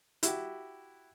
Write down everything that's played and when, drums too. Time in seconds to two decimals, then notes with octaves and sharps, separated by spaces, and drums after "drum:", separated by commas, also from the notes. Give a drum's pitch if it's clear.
0.23 E4 F#4 G4, drum: hi-hat